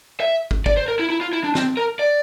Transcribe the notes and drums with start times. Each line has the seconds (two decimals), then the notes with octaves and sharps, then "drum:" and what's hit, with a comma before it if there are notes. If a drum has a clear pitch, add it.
0.20 E5
0.51 drum: kick
0.66 D5, drum: kick
0.77 C5
0.88 A#4
0.99 E4
1.10 E4
1.21 F4
1.33 E4
1.44 D4
1.55 C4, drum: snare
1.77 A#4
1.99 D5